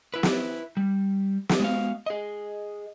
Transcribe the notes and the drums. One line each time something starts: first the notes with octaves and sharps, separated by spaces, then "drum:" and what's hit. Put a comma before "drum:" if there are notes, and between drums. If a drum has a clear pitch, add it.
E4 B4
drum: snare
G3
drum: snare
G#3 B3 F#4 F5
G#4 D#5